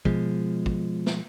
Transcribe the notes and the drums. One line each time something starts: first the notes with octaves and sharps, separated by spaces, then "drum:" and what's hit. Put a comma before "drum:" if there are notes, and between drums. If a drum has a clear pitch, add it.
B2 F3 G#3, drum: kick
drum: kick
drum: snare